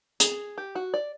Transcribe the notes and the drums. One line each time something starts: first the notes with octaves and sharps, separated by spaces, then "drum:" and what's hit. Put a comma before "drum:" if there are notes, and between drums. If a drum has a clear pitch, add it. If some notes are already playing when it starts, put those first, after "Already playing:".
G#4, drum: hi-hat
G4
F#4
D5